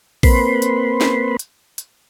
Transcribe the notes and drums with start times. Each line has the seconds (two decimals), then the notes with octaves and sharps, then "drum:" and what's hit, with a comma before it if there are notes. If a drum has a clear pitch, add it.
0.23 A#3 C4 B4 B5 C6, drum: kick A#1, open hi-hat
0.62 drum: hi-hat
1.01 drum: snare
1.39 drum: hi-hat
1.78 drum: hi-hat